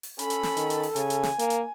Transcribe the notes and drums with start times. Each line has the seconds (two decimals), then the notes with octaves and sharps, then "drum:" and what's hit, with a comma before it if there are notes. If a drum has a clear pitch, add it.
0.03 drum: open hi-hat
0.19 C#4 A4 B5, drum: hi-hat
0.30 drum: hi-hat
0.43 drum: snare
0.57 D#3, drum: hi-hat
0.70 drum: hi-hat
0.83 drum: open hi-hat
0.96 C#3 G#5, drum: hi-hat
1.10 drum: hi-hat
1.23 drum: snare
1.39 A#3, drum: hi-hat
1.50 drum: hi-hat